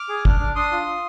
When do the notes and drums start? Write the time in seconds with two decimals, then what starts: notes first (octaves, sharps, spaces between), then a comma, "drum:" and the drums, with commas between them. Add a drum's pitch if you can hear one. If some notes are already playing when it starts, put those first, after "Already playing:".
Already playing: D6 F6
0.09 G#4
0.25 D4, drum: kick
0.40 D4
0.55 D4 C6 D#6
0.72 F4
0.86 F4